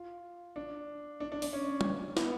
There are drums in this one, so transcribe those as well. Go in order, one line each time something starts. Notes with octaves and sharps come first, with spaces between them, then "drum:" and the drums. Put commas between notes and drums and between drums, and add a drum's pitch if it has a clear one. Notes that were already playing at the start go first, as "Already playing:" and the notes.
Already playing: F4
D4
D4
D4
D4, drum: open hi-hat
C#4
drum: tom
B3, drum: snare